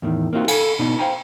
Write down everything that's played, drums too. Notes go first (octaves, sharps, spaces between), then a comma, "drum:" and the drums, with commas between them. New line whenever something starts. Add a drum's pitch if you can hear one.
E2 A2 D#3
A#3 C4 D#4 F4 F#4
A4 F5 F#5 G#5, drum: cymbal
B2 B3 D4 D#4
C5 F5 G5 G#5 A#5